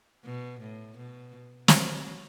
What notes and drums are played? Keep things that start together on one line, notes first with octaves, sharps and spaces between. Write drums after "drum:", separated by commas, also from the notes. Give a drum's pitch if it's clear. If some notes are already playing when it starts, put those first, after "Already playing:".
B2
A2
B2
F#3, drum: snare